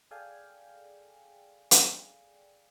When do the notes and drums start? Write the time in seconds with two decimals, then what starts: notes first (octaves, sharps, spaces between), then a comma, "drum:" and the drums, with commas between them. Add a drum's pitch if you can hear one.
0.11 G#4 A4 D5 F5 G5 G#5
1.71 drum: hi-hat